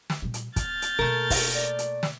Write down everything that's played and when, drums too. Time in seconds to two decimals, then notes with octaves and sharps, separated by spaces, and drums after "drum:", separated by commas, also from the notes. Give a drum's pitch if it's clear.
0.10 drum: snare
0.22 A#2 G3
0.34 drum: hi-hat
0.56 B3 F6 G6 A6, drum: kick, hi-hat
0.82 drum: hi-hat
0.99 B2 A3 A#3 A#4
1.30 drum: kick, open hi-hat
1.54 D5
1.79 drum: hi-hat
2.03 drum: snare